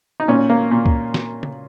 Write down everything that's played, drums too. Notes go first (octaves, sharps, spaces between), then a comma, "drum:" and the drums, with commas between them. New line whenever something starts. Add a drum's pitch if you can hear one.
D#4
A#2 C#4
A#3
A#2
drum: kick
drum: snare
drum: tom C#3